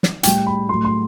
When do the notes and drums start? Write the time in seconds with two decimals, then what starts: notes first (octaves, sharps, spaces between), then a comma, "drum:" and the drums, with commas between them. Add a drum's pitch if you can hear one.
0.03 drum: snare
0.23 A2 G3 G5, drum: hi-hat
0.47 B5
0.69 A2 F#3 A3 C6
0.85 C6